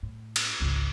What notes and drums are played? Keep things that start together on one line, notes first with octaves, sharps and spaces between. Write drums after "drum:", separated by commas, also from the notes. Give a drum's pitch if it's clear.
A2
drum: cymbal
G#1 C#2